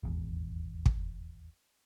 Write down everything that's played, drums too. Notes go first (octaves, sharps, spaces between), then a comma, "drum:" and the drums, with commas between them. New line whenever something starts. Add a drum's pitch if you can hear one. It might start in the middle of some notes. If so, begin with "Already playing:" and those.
D#1 G#1 E2
drum: kick